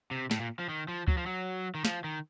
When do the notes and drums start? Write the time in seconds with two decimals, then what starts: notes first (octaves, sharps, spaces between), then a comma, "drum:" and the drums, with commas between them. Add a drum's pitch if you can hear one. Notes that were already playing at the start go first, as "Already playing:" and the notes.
0.11 C3
0.31 A2, drum: snare
0.40 A#2
0.59 F3
0.69 D#3
0.88 F3
1.08 F#3, drum: kick
1.17 F3
1.26 F#3
1.75 D#3
1.85 F3, drum: snare
2.04 D#3